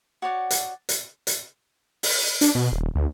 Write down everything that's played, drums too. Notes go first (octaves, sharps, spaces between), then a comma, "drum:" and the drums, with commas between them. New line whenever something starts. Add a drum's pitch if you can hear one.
F#4 C#5 D5 F#5
drum: hi-hat
drum: hi-hat
drum: hi-hat
drum: open hi-hat
D4, drum: hi-hat
B2
D#1
D2